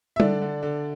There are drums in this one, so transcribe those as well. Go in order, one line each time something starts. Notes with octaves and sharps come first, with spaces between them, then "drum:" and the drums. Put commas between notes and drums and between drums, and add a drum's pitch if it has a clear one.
E5
D3 D4 D5, drum: tom G3
D3
D3